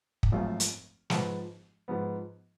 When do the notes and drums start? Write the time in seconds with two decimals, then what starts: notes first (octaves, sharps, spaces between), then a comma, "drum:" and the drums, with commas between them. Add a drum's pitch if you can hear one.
0.23 drum: kick
0.32 G#1 F#2 F3 A3 F4
0.60 drum: hi-hat
1.10 G#2 F3 B3, drum: snare
1.88 G#2 F3 B3